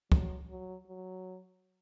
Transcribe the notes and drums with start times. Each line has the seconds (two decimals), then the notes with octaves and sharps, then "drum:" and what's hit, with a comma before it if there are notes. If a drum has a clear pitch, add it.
0.12 F#3, drum: kick
0.49 F#3
0.87 F#3